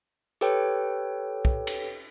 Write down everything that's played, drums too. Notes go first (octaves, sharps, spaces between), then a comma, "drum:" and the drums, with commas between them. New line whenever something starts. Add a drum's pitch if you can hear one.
G4 A4 B4 C#5 G5, drum: hi-hat
drum: kick
drum: cymbal